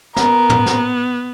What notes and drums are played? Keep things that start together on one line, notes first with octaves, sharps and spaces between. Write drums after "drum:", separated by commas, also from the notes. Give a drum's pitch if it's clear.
B3 A#4, drum: snare
drum: tom
drum: snare